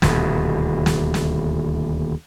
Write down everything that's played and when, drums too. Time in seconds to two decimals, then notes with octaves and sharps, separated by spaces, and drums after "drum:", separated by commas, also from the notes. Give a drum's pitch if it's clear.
0.02 D#1 D2 B2, drum: snare
0.86 drum: snare
1.14 drum: snare